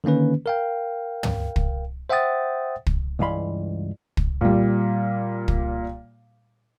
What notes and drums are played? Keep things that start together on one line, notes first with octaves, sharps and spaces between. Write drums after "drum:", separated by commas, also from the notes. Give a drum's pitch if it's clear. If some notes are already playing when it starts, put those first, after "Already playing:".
D3 D#3 A#3 C#4 B4
A#4 F5 G5
drum: tom
drum: kick
C5 E5 F#5 G5 D#6 A6
drum: kick
C#2 G2 E3 F5 B5 C6
drum: kick
A#2 G3
drum: kick